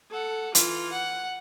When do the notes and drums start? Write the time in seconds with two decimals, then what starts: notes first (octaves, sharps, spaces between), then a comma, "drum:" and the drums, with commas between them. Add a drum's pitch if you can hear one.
0.11 A4 F#5
0.55 E3 F4, drum: hi-hat
0.92 F#5